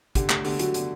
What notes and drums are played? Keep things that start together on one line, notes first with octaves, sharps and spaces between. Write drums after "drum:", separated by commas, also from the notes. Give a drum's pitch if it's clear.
D3 G4, drum: kick, hi-hat
A3 G4, drum: clap
D3 G4, drum: open hi-hat
F#3 F#4, drum: hi-hat
D3, drum: hi-hat